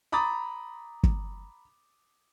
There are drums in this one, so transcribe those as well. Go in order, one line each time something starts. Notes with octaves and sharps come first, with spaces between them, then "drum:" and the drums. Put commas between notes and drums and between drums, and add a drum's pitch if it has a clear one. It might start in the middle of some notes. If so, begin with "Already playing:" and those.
A#5 B5 D6 D#6 A6
drum: kick